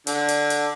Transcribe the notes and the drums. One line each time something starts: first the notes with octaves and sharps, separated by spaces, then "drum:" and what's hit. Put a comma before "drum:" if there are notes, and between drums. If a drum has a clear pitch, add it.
D3, drum: hi-hat
drum: hi-hat
drum: hi-hat